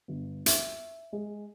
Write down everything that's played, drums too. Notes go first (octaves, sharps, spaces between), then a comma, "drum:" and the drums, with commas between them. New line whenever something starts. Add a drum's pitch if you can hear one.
G1
E5, drum: hi-hat
G#3